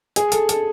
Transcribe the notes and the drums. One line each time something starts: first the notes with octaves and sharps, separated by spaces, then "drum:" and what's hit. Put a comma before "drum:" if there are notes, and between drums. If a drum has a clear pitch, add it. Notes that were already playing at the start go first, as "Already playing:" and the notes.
G#4, drum: hi-hat
A4, drum: hi-hat
A4, drum: hi-hat